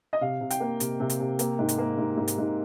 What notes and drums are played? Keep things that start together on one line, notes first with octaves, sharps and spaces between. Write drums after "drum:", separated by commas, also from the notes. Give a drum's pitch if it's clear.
D#5
C3 F5
C3
G5, drum: hi-hat
A#3
C3, drum: hi-hat
C3
drum: hi-hat
C3
A#3, drum: hi-hat
G#2
drum: hi-hat
A#3
G#2
G#2
drum: hi-hat
G#2